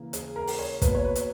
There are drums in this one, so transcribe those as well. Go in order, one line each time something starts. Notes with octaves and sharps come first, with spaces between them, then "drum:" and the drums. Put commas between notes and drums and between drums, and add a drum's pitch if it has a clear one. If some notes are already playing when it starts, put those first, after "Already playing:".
Already playing: C#3 E3 A#3
G#4, drum: hi-hat
A#4
drum: open hi-hat
C#5
B2 A#3 B4, drum: kick, hi-hat
C#5
B4
drum: hi-hat